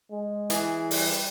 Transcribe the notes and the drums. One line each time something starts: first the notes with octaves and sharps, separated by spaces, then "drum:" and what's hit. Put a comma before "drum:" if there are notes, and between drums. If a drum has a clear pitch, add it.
G#3
E3 G#4, drum: hi-hat
G3, drum: open hi-hat